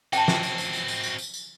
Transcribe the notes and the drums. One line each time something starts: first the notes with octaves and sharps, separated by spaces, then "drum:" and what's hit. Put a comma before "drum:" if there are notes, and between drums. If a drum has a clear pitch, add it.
C4 F#4 G5 A5, drum: tambourine
drum: snare
drum: tambourine
drum: tambourine
drum: tambourine
drum: tambourine
drum: tambourine
drum: tambourine
drum: tambourine